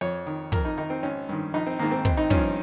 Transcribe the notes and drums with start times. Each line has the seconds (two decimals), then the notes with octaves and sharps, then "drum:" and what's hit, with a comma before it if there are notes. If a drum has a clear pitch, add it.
0.01 F2 C#5, drum: hi-hat
0.27 D#3, drum: hi-hat
0.52 F2 A#4, drum: kick, open hi-hat
0.65 D#4
0.78 D#3 D#4, drum: hi-hat
0.90 C4
1.03 G#1 C#4, drum: hi-hat
1.29 G2 D#3, drum: hi-hat
1.54 A#1 D#4, drum: hi-hat
1.67 C4
1.79 G#2 D#3 A#3
1.92 C4
2.05 G#1 C4, drum: kick
2.17 D#4
2.30 G2 F3 C#4, drum: kick, open hi-hat